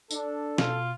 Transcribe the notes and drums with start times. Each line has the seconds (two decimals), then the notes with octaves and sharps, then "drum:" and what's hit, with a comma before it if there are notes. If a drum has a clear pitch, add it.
0.11 D4 A4, drum: tambourine
0.58 B2 F4, drum: snare